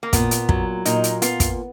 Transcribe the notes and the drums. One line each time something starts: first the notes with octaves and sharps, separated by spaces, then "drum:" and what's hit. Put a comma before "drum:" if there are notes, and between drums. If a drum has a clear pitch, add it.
A#3
A#2 B3, drum: kick, hi-hat
drum: hi-hat
F#3, drum: kick
A#2 D#4, drum: hi-hat
drum: hi-hat
B3 F4, drum: hi-hat
drum: kick, hi-hat